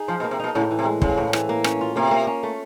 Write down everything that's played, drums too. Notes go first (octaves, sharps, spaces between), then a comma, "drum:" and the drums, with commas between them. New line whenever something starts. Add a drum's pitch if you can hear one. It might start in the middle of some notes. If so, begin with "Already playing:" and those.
Already playing: D#4 G#4
F3 C5
B2
A#3
C3
B2 D#4
A2 C#3
E3
C3
G#3
C#3 C4, drum: kick
A2
E3, drum: rim click
A#3
C#4, drum: rim click
F4
C3 A#3
A#3
C#4
A3